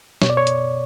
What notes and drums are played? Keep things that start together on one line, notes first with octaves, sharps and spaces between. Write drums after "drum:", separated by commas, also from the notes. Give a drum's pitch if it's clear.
B2 C#5, drum: snare
D5
C#5
drum: hi-hat